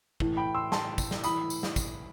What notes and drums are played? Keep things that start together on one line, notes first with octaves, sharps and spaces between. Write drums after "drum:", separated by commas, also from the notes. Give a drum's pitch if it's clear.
A2 E3, drum: kick
G5 B5
C6 E6
A5 C6, drum: snare
drum: kick, tambourine
drum: snare
A2 E3 B5 D#6, drum: tambourine
drum: tambourine
drum: snare
drum: kick, tambourine